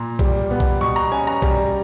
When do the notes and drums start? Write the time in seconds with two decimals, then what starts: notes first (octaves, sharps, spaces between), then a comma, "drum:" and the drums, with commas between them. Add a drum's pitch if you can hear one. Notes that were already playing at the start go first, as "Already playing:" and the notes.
Already playing: A#2 A#5
0.19 G3, drum: kick B1
0.50 B3
0.60 drum: kick B1
0.81 B2 C#6
0.96 A#5
1.11 C#4 G#5
1.27 A#5
1.42 G3, drum: kick B1